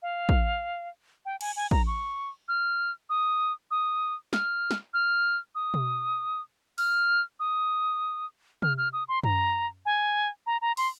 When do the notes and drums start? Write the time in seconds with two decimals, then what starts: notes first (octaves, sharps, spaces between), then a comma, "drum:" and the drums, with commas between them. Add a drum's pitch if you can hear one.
0.02 F5
0.29 drum: kick
1.25 G5
1.41 G#5, drum: cymbal
1.56 G#5
1.71 A#5, drum: kick
1.87 C#6
2.48 F6
3.10 D#6
3.71 D#6
4.33 F6, drum: snare
4.71 drum: snare
4.94 F6
5.55 D#6
5.74 drum: tom B2
6.78 F6, drum: open hi-hat
7.40 D#6
8.62 F6, drum: tom C3
8.78 F6
8.93 D#6
9.08 C6
9.24 A#5, drum: tom F#2
9.85 G#5
10.46 A#5
10.61 A#5
10.77 C6, drum: open hi-hat